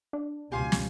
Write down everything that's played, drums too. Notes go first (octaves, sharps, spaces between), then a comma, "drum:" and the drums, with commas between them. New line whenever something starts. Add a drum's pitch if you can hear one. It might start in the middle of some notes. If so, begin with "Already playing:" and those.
D4
F1 C#2 B2 F4 G4 G#5
drum: snare